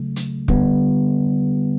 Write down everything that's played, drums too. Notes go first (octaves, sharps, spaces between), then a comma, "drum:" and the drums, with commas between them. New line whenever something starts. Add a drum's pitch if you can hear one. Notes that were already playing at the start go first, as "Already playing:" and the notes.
Already playing: C#3 F#3 A3
drum: hi-hat
D3 G3 B3, drum: kick